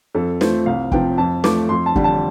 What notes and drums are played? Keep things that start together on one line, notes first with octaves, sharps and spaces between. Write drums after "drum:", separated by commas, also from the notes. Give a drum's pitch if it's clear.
F2 A4
F3 A3 C5, drum: snare
C2 F5
C3 F3 G5, drum: kick
F2 A5
F3 A3 D6, drum: snare
F2 C6
A5
D3 G3, drum: kick
A5